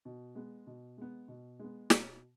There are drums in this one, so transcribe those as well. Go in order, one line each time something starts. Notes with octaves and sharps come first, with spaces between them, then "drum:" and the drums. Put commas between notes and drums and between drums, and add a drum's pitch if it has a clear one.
B2
G#3 B3
B2
G#3 B3
B2
G#3 B3
B2, drum: snare